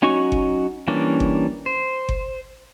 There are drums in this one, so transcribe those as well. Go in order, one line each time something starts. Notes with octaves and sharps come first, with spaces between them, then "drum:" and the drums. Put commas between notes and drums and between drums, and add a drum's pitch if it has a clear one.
F#3 C#4 D#4 F#4 C#6
drum: kick G1
E3 G3 A#3 C#4 D4
drum: kick G1
C5
drum: kick G1